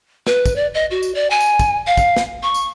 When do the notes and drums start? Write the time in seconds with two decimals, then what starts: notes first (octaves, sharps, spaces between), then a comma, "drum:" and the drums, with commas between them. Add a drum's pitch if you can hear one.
0.27 B4, drum: snare
0.46 drum: kick, tambourine
0.56 D5
0.74 D#5
0.91 F#4
1.03 drum: tambourine
1.15 D5
1.30 G#5
1.41 drum: tambourine
1.60 drum: kick, tambourine
1.87 F5
1.97 drum: kick, tambourine
2.16 drum: snare
2.43 C#6
2.54 drum: tambourine